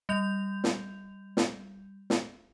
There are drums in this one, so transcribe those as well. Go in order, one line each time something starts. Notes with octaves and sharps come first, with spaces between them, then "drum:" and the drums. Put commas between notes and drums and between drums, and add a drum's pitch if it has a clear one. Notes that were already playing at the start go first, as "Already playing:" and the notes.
G3 G6 F7
drum: snare
drum: snare
drum: snare